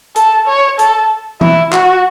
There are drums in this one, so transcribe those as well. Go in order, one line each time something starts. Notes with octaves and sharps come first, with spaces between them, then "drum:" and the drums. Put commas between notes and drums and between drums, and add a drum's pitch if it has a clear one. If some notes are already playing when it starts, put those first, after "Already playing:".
A4, drum: hi-hat
C#5
A4, drum: hi-hat
E4, drum: tom E3
F#4, drum: clap